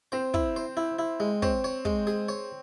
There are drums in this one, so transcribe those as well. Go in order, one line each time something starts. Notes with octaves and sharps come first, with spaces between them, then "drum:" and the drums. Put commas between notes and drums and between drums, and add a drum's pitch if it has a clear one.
C4 C5
E4, drum: kick
C5
E4
E4
G#3
C4 C#5, drum: kick
C#5
G#3, drum: kick
G#4
C#5